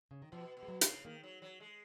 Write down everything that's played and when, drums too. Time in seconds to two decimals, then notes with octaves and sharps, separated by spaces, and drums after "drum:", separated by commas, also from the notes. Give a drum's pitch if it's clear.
0.11 C#3
0.22 D#3
0.32 B2 F3
0.57 B2
0.63 G#3
0.68 F#3
0.81 C#3, drum: hi-hat
1.05 D#3 A#3
1.23 F#3
1.42 F#3
1.60 G#3